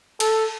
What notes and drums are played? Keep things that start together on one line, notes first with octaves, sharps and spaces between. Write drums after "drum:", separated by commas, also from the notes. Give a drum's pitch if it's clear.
A4, drum: cymbal